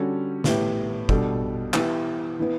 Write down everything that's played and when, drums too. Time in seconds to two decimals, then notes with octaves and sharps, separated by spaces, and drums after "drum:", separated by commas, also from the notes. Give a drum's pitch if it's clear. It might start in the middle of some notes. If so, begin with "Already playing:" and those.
Already playing: D3 G3 C#4 F#4 A4
0.44 A2 E3 B3 E4 G4, drum: snare
1.09 B2 G3 D4 A4, drum: kick
1.74 E3 B3 E4 G4, drum: clap
2.40 E3 B3